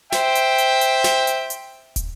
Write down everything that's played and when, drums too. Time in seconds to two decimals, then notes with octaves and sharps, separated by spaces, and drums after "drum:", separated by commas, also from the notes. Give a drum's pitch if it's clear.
0.12 C5 E5 G5, drum: snare
0.35 drum: hi-hat
0.58 drum: hi-hat
0.81 drum: hi-hat
1.04 drum: snare
1.27 drum: hi-hat
1.50 drum: hi-hat
1.96 drum: kick, hi-hat